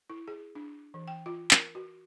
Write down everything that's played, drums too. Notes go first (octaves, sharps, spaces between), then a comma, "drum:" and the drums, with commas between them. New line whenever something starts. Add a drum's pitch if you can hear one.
E4
G#4
D4
E3
G5
F4
A#4, drum: clap
F#4